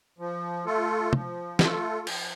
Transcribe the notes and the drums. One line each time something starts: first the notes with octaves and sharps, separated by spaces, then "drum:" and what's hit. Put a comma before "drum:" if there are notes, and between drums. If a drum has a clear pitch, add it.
F3
A3 F4 A4
F3, drum: tom
A3 F4 A4, drum: snare
F3, drum: cymbal